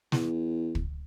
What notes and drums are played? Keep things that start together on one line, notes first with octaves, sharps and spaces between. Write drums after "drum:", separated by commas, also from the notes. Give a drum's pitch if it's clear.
E2, drum: snare
drum: kick